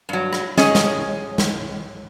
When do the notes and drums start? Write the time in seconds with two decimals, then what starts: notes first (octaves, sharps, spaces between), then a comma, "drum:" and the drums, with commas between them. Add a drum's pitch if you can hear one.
0.09 G2 F#3
0.33 drum: rim click
0.57 C#4 G#4 D#5, drum: snare
0.75 drum: snare
1.38 drum: snare